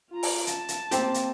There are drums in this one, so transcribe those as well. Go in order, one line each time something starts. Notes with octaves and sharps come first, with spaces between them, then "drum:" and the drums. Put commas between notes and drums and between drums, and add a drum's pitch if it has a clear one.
F4 A#5
drum: open hi-hat
A5, drum: hi-hat
drum: hi-hat
A#3 C4 G4, drum: hi-hat
drum: hi-hat